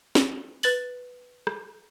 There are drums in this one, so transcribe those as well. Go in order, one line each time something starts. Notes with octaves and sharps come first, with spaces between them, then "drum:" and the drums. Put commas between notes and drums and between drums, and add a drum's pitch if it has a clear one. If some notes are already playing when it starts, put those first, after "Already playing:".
drum: snare
B4 A6 F#7, drum: open hi-hat
drum: rim click